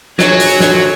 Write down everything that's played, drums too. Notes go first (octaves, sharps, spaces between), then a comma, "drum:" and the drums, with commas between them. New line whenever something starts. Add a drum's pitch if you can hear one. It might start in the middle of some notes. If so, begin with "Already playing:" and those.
F#3 G#4 C#5, drum: snare
drum: open hi-hat
drum: snare